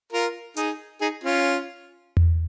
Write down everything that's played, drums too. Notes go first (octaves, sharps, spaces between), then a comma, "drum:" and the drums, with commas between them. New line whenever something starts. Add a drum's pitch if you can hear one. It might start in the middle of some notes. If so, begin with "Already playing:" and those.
F4 A#4
D#4 G#4, drum: hi-hat
D#4 G#4
C#4 F4
drum: tom E2